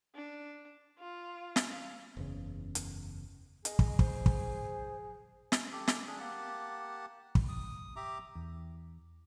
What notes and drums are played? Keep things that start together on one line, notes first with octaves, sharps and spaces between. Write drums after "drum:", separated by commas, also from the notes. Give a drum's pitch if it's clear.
D4
F4
drum: snare
F5
F#1 E2 C#3
drum: hi-hat
G#4 D#5, drum: hi-hat
drum: kick
C5, drum: kick
drum: kick
drum: snare
G4 A4
drum: snare
D4 G#4
A#3 G4 F#5 A5
drum: kick
D#6
G4 E5 A#5 D6
E2